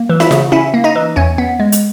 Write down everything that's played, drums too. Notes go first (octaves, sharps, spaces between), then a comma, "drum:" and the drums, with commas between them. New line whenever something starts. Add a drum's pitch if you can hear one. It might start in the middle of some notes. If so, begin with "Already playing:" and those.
Already playing: A#3
E3
E4 E5, drum: snare
C#3, drum: snare
C#4 E4 E5
A#3
D#4 D#5
E3
E2 C#4 C#5
B3
G#3
drum: hi-hat